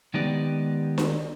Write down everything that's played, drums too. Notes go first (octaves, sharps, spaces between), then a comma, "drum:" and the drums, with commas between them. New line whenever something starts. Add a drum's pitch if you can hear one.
D#3 G#3 B3 D#4 G4 D5
drum: snare D4